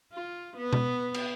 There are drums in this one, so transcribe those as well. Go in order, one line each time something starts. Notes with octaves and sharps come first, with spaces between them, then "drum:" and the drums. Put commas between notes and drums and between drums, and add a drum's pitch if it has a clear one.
F4
B3
drum: tom B2
drum: cymbal